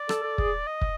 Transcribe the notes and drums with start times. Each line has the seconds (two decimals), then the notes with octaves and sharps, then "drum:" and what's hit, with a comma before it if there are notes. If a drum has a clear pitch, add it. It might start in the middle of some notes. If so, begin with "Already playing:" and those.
Already playing: D5
0.09 A4, drum: rim click
0.24 A4
0.38 G#4, drum: kick
0.67 D#5
0.81 drum: kick